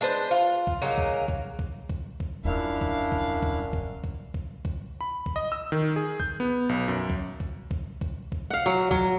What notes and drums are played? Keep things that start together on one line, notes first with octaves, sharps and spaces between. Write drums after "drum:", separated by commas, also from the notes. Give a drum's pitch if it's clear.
G#3 D4 B4 C5
F4
drum: kick B1
C#3 F#3 A#3 D#4
drum: kick B1
drum: kick B1
drum: kick B1
drum: kick B1
drum: kick B1
D#1 F#2 D4 E4 F4 F5
drum: kick B1
drum: kick B1
drum: kick B1
drum: kick B1
drum: kick B1
drum: kick B1
drum: kick B1
B5
drum: kick B1
D#5
E6
D#3
G#4
G6, drum: kick B1
B3
B1
F#2
drum: kick B1
drum: kick B1
drum: kick B1
drum: kick B1
drum: kick B1
F5 F#5
F#3
F#3, drum: kick B1